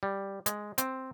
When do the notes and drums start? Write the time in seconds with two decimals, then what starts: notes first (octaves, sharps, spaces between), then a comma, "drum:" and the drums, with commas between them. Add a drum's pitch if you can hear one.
0.03 G3
0.46 G#3, drum: hi-hat
0.78 C4, drum: hi-hat